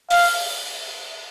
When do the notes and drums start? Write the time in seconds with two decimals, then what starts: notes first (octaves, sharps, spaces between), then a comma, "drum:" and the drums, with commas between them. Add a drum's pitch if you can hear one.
0.10 F5, drum: open hi-hat